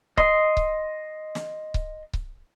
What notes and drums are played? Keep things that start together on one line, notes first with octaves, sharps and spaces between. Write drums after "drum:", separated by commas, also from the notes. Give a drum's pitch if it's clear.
D#5 C6, drum: kick C#1
drum: kick C#1
drum: snare
drum: kick C#1
drum: kick C#1